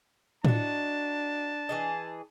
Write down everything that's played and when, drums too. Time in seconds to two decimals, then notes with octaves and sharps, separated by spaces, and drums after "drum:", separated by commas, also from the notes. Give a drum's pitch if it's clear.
0.45 D4 D#4 F#4 A5, drum: tom A2
1.69 E3 G#4 D#5